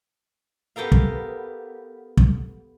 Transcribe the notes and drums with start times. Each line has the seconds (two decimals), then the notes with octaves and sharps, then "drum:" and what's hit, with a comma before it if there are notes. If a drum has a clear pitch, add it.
0.76 B3 G4 A4 A#4 F5
0.92 drum: kick
2.17 drum: kick